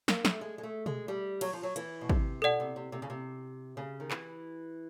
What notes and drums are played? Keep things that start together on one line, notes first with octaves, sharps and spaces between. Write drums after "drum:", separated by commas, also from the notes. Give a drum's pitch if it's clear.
A#3, drum: snare
A3, drum: snare
G#3
G#3
A3
G#3, drum: tom B2
G3
F#3, drum: cymbal
F3
F#3
E3, drum: hi-hat
B2
C3, drum: kick
B2 A4 D5 F#5
C3
C3
C3
C#3
C3
C#3
D#3
E3, drum: clap